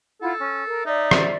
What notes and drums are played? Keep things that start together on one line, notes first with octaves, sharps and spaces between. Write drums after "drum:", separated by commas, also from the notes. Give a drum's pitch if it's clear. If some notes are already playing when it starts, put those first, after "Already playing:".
E4 F4 A4 F#5
C#4
A#4
D#4 D5 E5
drum: rim click